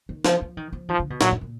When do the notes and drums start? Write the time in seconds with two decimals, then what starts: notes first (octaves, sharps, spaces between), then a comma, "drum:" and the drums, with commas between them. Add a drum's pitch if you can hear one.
0.09 D#3
0.25 F3, drum: snare
0.41 F3
0.57 D#3
0.73 F3
0.89 D#3 F3
1.00 D3
1.10 B2
1.21 A#2 F#3, drum: snare
1.31 F#2
1.41 A#2